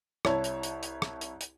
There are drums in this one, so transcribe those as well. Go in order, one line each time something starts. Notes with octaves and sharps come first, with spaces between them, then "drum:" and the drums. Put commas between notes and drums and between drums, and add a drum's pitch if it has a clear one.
C2 E4 C#5 A5, drum: rim click
drum: hi-hat
drum: hi-hat
drum: hi-hat
drum: rim click
drum: hi-hat
drum: hi-hat